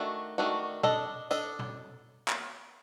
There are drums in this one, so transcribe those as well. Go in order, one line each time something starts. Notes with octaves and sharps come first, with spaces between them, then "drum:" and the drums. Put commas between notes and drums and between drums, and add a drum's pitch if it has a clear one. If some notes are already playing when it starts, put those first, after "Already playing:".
Already playing: D#3 A3 D4 F#4
D#3 A3 D4 F#4
D4 A4 D#5, drum: tom B2
D4 A4 D#5, drum: tambourine
drum: tom B2
drum: clap